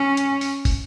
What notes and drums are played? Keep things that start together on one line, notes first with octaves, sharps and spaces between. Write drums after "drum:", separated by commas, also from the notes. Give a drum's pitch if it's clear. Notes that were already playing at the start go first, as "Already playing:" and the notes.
Already playing: C#4
drum: hi-hat
drum: open hi-hat
drum: kick, open hi-hat